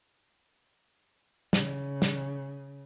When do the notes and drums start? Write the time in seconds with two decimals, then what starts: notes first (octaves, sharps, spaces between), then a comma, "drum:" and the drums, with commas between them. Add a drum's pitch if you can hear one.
1.53 C#3, drum: snare
2.02 drum: snare